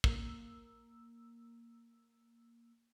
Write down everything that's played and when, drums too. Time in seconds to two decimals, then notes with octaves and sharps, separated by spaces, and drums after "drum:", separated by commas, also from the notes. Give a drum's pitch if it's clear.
0.04 A#3 E6, drum: kick